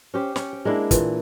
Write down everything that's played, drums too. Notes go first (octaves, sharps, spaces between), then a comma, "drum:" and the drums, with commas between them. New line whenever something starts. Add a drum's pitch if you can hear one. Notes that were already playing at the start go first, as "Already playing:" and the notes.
C#4 G4 C5
C#4, drum: snare
G5
G#3 A#3 D4 E4
A#2 E3, drum: kick, hi-hat